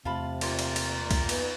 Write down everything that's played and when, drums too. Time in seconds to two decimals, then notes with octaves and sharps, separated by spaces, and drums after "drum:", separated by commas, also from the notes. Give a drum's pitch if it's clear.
0.05 E2 C3 A3 F4 A5 B5
0.41 A#2, drum: cymbal
0.59 drum: cymbal
0.76 drum: cymbal
1.11 drum: kick C2, cymbal
1.29 B3 D#4 G#5, drum: cymbal